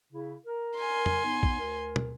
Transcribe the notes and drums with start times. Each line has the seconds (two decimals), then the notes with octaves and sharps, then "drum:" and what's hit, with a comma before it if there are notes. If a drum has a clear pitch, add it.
0.12 C#3 E4
0.46 A#4
0.76 G#5 C6
1.06 drum: tom
1.24 B3 D#4
1.43 drum: kick A#1
1.59 D2 A#4
1.96 drum: tom